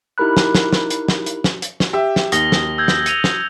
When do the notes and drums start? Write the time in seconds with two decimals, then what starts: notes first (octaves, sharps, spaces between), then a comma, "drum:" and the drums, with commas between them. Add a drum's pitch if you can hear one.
0.18 D#4 E4 G4 A#4 B5 F#6
0.37 drum: snare
0.55 drum: snare
0.73 drum: snare
0.90 drum: hi-hat
1.08 drum: snare
1.26 drum: hi-hat
1.44 drum: snare
1.62 drum: hi-hat
1.80 drum: snare
1.93 G4 E5
2.16 drum: snare
2.32 D#2 D#6 A#6 G7, drum: hi-hat
2.52 drum: snare
2.78 E6 G6 G#6
2.88 drum: snare
3.06 C#7 D#7 F7, drum: hi-hat
3.24 drum: snare